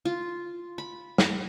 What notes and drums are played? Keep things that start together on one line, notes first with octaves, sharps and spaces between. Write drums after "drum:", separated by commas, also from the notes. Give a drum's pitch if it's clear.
F4
B5
drum: snare